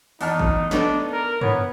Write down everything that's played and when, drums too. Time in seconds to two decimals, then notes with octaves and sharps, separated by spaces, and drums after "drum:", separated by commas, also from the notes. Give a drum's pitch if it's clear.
0.21 E2 D#4 A5 F6, drum: open hi-hat
0.39 drum: kick
0.71 A3 B3 D4 D#4, drum: snare
1.12 A#4
1.41 B3 C#5, drum: tom F#2